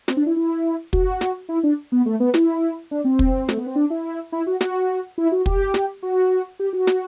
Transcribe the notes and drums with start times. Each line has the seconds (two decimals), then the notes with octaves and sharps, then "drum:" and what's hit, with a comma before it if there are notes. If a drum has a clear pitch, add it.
0.08 C4, drum: snare
0.17 D4
0.26 E4
0.36 E4
0.93 F#4, drum: kick
1.21 drum: snare
1.49 E4
1.63 D4
1.92 B3
2.06 A3
2.20 B3
2.34 E4, drum: snare
2.91 D4
3.04 C4
3.19 drum: kick
3.49 A3, drum: snare
3.57 B3
3.66 C4
3.76 D4
3.90 E4
4.32 E4
4.47 F#4
4.61 F#4, drum: snare
5.18 E4
5.32 F#4
5.46 G4, drum: kick
5.74 drum: snare
6.03 F#4
6.59 G4
6.73 F#4
6.87 drum: snare